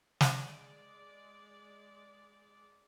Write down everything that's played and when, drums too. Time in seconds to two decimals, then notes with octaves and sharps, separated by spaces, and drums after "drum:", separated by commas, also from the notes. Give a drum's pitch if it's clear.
0.21 G#3 D5, drum: snare